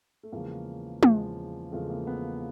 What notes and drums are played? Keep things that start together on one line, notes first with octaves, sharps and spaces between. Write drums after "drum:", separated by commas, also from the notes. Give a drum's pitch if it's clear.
A3
E2 C#3 F3 G#3 A#3
E2 C#3 F3 G#3, drum: tom
E2 C#3 F3 G#3 A3
A#3
B3